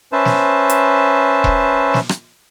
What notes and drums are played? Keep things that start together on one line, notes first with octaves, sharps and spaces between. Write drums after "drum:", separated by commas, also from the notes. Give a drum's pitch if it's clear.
C#4 B4 C5 E5 A5
drum: snare
drum: hi-hat
drum: kick E1
drum: snare
drum: rim click